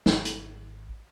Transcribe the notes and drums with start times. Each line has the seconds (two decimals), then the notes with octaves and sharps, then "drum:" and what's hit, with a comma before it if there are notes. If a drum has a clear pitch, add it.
0.06 G#1, drum: snare
0.25 drum: hi-hat